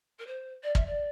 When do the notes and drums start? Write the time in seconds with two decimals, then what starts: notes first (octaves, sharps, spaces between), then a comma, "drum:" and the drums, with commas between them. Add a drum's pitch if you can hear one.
0.18 A#4
0.26 C5
0.63 D5
0.75 E5, drum: kick
0.86 D5